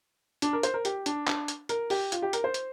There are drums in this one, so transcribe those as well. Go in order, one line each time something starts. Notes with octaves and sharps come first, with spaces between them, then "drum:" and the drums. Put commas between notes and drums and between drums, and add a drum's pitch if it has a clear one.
D4, drum: hi-hat
A#4
C5, drum: hi-hat
A#4
G4, drum: hi-hat
D4, drum: hi-hat
D4, drum: clap
drum: hi-hat
A#4, drum: hi-hat
G4, drum: open hi-hat
F4, drum: hi-hat
G4
A#4, drum: hi-hat
C5
drum: hi-hat